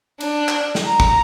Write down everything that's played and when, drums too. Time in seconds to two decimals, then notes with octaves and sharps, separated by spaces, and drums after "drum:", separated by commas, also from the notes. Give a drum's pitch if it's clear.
0.20 D4, drum: cymbal
0.48 drum: clap
0.75 drum: snare
0.86 A#5
1.00 drum: kick